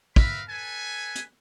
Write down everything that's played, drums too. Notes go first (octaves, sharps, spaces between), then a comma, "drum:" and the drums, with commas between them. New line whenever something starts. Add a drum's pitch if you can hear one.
A#4 B4 E5 F5 B5, drum: kick
A4 B4 G#5
drum: hi-hat